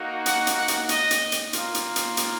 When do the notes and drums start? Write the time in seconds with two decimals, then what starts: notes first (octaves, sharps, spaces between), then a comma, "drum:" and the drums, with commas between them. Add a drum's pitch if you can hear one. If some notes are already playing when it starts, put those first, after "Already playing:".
Already playing: A#3 D#4 F#4
0.26 F#5, drum: hi-hat
0.47 drum: hi-hat
0.57 F#5
0.68 drum: hi-hat
0.89 D#5, drum: hi-hat
1.11 drum: hi-hat
1.32 drum: hi-hat
1.53 A#3 F4, drum: hi-hat
1.74 drum: hi-hat
1.96 drum: hi-hat
2.17 drum: hi-hat